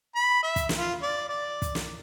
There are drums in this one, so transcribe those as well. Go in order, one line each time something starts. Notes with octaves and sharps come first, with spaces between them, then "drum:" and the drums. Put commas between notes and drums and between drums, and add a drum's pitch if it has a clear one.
B5
E5
drum: kick, hi-hat
drum: snare
F4
D5
D5
drum: kick, hi-hat
drum: snare